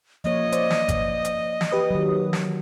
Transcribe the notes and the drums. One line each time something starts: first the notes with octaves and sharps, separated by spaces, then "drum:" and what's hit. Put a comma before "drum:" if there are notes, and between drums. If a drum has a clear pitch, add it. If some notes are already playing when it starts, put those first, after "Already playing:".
F3 A#3 C#5 D#5
C5 D5, drum: hi-hat
drum: snare
drum: kick G#1, hi-hat
drum: hi-hat
drum: snare
G4 B4 D#6
D#3 F#3
drum: snare